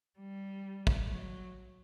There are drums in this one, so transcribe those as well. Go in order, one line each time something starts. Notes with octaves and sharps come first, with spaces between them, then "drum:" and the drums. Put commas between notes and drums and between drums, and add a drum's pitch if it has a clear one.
G3
drum: kick
F#3